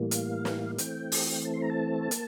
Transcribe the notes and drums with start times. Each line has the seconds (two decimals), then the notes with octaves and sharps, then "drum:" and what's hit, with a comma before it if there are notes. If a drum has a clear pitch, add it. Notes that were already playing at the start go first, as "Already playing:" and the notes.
Already playing: A2 E3 G3 A#3
0.11 F5, drum: hi-hat
0.45 drum: snare
0.78 E3 A3 C4 G5, drum: hi-hat
1.12 drum: open hi-hat
1.45 A5
1.54 C6
1.62 A#5
1.70 A5
2.11 A#3, drum: hi-hat